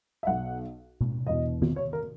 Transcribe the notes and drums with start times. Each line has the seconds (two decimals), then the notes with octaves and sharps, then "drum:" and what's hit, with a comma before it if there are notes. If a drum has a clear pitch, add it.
0.23 E5
0.27 B1 B2 F#5
1.01 drum: tom B2
1.27 E1 E2 B2 D#5
1.62 drum: tom D#3
1.76 C#5
1.93 A#4